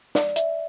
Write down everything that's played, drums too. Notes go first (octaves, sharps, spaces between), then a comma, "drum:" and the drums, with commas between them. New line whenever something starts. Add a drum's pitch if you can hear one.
D5, drum: snare
E5, drum: hi-hat